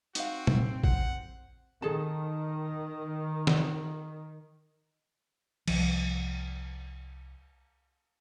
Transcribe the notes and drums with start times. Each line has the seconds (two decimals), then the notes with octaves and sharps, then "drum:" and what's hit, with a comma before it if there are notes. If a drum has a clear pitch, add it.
0.15 C4 D#4 F#4 F5, drum: hi-hat
0.47 drum: tom A#2
0.84 F#5, drum: kick A1
1.82 D#3 G#4 A4 A5
3.47 drum: snare
5.68 C2 F3, drum: cymbal